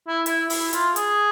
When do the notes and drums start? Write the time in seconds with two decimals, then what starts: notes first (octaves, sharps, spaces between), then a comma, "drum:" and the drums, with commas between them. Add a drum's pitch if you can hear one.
0.08 E4
0.26 E4, drum: hi-hat
0.50 E4, drum: open hi-hat
0.73 F4, drum: hi-hat
0.96 G#4, drum: hi-hat